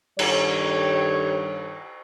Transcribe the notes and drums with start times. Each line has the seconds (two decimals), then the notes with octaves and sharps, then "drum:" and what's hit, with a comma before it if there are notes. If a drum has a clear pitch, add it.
0.19 G2 D#3 G3 A4 C#5, drum: cymbal